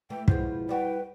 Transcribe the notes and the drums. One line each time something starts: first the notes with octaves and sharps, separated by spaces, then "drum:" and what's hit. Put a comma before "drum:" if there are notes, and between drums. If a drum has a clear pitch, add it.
E3 A3 G5
B2 F3 G#3 E4 C5, drum: kick
G3 F#4 B4 G5